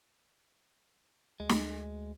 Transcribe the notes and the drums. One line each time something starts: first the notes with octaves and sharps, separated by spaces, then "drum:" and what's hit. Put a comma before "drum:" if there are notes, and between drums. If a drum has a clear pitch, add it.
D2 G#3
drum: snare